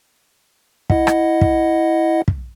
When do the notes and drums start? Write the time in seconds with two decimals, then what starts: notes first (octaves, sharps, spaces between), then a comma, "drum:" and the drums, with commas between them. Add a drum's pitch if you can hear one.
0.90 E4 D#5 F#5, drum: kick
1.07 drum: rim click
1.41 drum: kick
2.28 drum: kick